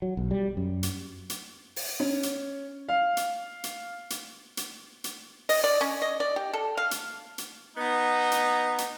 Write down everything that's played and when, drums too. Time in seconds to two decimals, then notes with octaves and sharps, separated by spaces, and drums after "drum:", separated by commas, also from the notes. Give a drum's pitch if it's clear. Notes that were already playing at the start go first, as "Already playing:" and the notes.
0.02 F#3
0.17 B1
0.31 G3
0.57 F#2
0.83 drum: hi-hat
1.30 drum: hi-hat
1.76 drum: open hi-hat
2.00 C#4
2.23 drum: hi-hat
2.89 F5
3.17 drum: hi-hat
3.64 drum: hi-hat
4.10 drum: hi-hat
4.57 drum: hi-hat
5.04 drum: hi-hat
5.49 D#5, drum: open hi-hat
5.64 D5
5.81 C#4
6.02 D#5
6.20 D5
6.36 G4
6.53 A4
6.77 F5
6.91 drum: hi-hat
7.38 drum: hi-hat
7.77 B3 D#4
8.32 drum: hi-hat
8.78 drum: hi-hat